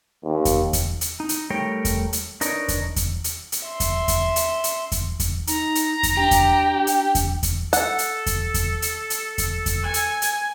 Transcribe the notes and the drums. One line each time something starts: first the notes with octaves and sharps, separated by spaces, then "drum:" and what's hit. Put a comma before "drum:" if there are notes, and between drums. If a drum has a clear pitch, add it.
D#2
drum: kick E2, hi-hat
drum: kick E2, hi-hat
drum: hi-hat
D#4
drum: hi-hat
G3 A3 A#4 C#5 G5
drum: kick E2, hi-hat
drum: hi-hat
D4 D#4 A#4 B4 C#5, drum: hi-hat
drum: kick E2, hi-hat
drum: kick E2, hi-hat
drum: hi-hat
drum: hi-hat
E5 C6
drum: kick E2, hi-hat
drum: kick E2, hi-hat
drum: hi-hat
drum: hi-hat
drum: kick E2, hi-hat
drum: kick E2, hi-hat
D#4 A#5, drum: hi-hat
drum: hi-hat
drum: kick E2, hi-hat
D4 G4
drum: kick E2, hi-hat
drum: hi-hat
drum: kick E2, hi-hat
drum: kick E2, hi-hat
A4 F#5, drum: hi-hat
drum: hi-hat
drum: kick E2, hi-hat
drum: kick E2, hi-hat
drum: hi-hat
drum: hi-hat
drum: kick E2, hi-hat
drum: kick E2, hi-hat
G#5
drum: hi-hat
drum: hi-hat